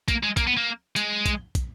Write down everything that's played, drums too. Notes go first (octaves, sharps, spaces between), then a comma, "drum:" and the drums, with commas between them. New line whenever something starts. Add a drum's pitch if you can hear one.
A#3, drum: kick, hi-hat
G#3
A#3, drum: kick, hi-hat
B3
A#3
G#3, drum: hi-hat
drum: kick, hi-hat
drum: kick, hi-hat